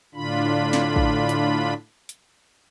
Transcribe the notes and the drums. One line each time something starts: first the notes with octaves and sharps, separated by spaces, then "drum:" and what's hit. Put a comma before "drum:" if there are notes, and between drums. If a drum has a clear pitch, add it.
A2 D3 D4 F4 B5
drum: snare
drum: kick
drum: hi-hat
drum: hi-hat